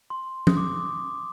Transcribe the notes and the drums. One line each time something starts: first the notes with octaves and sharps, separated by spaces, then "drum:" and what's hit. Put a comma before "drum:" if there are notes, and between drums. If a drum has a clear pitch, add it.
C6
D#6, drum: tom F3
D6